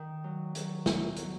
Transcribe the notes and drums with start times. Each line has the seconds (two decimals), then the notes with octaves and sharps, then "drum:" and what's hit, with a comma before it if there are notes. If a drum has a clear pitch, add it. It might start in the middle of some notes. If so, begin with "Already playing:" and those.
Already playing: D#3
0.24 F#3
0.55 F#3, drum: hi-hat
0.86 B3, drum: snare
1.17 F#3, drum: hi-hat